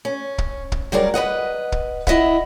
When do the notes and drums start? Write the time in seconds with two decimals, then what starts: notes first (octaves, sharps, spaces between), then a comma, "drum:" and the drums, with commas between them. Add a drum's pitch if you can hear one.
0.05 C#4
0.38 drum: kick
0.72 drum: kick
0.92 F#3 G3 G#4 A#4 D5
1.14 B4 C#5 D#5 F#5
1.72 drum: kick
2.07 E4 D#5 E5 F#5, drum: kick